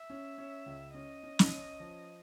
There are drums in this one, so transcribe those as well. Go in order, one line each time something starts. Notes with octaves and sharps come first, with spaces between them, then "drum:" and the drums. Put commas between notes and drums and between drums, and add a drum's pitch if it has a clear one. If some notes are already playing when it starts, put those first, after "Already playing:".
Already playing: E5
C#4
C#4
C#2
C#4 D#5
C#4
drum: snare
C#4
F3